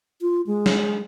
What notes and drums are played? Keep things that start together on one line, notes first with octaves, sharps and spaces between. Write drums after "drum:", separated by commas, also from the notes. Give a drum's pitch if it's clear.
F4
G#3
drum: snare